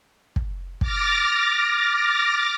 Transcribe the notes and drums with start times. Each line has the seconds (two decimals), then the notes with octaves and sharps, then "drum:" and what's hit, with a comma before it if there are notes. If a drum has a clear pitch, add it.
0.36 drum: kick
0.81 D6 F6 A6 A#6, drum: kick